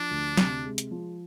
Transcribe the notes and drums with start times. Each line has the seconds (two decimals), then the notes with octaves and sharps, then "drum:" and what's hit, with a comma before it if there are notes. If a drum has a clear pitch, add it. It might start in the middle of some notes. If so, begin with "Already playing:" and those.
Already playing: F3 D4
0.11 D2
0.37 C3, drum: snare
0.65 G#3
0.78 drum: hi-hat
0.91 F3